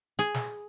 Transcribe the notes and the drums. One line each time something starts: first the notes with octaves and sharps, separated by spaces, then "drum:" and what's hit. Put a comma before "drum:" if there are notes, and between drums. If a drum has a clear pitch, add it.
G#4, drum: hi-hat
drum: snare